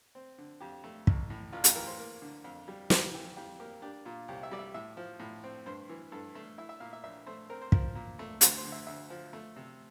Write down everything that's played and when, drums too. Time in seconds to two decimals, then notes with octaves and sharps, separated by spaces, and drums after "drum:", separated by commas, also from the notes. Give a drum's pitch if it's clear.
0.15 C4
0.38 D3
0.60 F2 G4
0.84 A3
1.07 A1, drum: kick
1.30 A2
1.52 A1 F4
1.64 G4, drum: hi-hat
1.75 E3 A#4
1.87 C5
1.99 A#3
2.22 D3
2.44 F2
2.68 G3
2.90 F2 D5, drum: snare
3.14 E3 G4
3.36 F2 G4
3.60 A#3 G4
3.82 D4 G4
4.05 A#2 F4
4.28 C2 G4
4.43 E5
4.51 G3 D5
4.59 E5
4.74 A2 E5
4.97 F3
5.20 A2
5.44 C4
5.66 G2 C5
5.89 E3
6.12 G2 A4
6.35 A3
6.58 E4 E5
6.69 E5
6.80 A#2 F5
6.93 E5
7.03 A#1 E5
7.26 A3 C5
7.50 C4 A#4
7.61 C5
7.72 F3 A#4, drum: kick
7.95 A#2
8.19 A3
8.41 D2 C5, drum: hi-hat
8.57 C5
8.65 D3
8.72 E5
8.87 D2 E5
9.10 F3
9.33 A3
9.56 C3